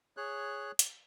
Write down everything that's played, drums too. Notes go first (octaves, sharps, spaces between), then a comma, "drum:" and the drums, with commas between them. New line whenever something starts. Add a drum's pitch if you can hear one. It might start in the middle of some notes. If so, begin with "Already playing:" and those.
G#4 C#5 F#6
drum: hi-hat